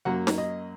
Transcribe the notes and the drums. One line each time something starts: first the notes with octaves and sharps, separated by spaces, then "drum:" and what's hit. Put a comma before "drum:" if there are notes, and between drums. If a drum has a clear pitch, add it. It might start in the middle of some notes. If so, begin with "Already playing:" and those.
F#2 F#3 A#3 F#5
drum: snare
D#5